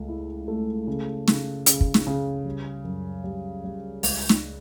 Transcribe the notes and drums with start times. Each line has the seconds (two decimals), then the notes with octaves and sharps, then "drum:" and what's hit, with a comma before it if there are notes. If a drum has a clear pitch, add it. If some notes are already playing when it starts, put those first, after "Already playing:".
Already playing: C#2 A3
0.08 E4
0.48 A3
0.87 C#3
1.28 C#3, drum: snare
1.66 C#3, drum: hi-hat
1.81 drum: kick
1.94 drum: snare
2.07 C#3
2.45 G3
2.85 F#2
3.24 G3
3.64 G3
4.03 C#2, drum: open hi-hat
4.29 drum: snare